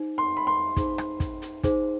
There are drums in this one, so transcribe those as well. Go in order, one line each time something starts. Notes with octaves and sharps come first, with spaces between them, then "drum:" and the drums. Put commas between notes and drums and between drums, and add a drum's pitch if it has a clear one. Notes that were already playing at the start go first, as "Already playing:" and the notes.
Already playing: D#4 G#4 C5
C6
B5
C6
D#4 G#4 C5, drum: kick, hi-hat
drum: rim click
drum: kick, hi-hat
drum: hi-hat
D#4 G#4 C5, drum: kick, hi-hat